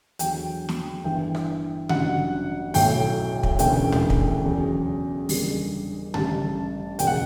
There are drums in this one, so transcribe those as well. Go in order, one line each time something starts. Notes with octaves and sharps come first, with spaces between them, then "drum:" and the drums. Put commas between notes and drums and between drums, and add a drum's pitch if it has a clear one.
E2 D3 F#3 G5, drum: hi-hat
drum: snare
G1 G2 E3 G5
drum: rim click
A1 G2 F#3 F#5, drum: tom C#3
B1 A2 F#3 G5, drum: open hi-hat
drum: kick
E1 D2 C#3 E3 G5, drum: hi-hat
drum: tom
drum: kick
E2 C#3 F#3
F#1 E2 D3 G3, drum: open hi-hat
A1 G2 D3 G3 A5, drum: tom C#3
F#1 E2 B2 G5, drum: hi-hat
F#5